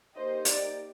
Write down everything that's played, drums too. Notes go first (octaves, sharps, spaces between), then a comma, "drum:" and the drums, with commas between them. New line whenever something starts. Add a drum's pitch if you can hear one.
A#3 D#4 G4 C5 D#5
D5, drum: hi-hat